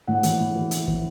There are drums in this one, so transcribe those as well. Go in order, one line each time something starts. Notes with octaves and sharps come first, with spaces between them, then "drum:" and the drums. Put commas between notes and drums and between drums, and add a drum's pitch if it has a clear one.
A2 F#5
E3, drum: hi-hat
A2
E3
E3, drum: hi-hat
E3, drum: kick